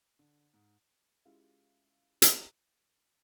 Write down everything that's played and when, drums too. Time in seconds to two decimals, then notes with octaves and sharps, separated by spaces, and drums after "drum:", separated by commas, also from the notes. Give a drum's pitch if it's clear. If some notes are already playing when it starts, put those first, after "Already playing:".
0.19 D3
0.54 G#2
1.25 G#3 C#4 E4 F4 G4 F5
2.22 drum: hi-hat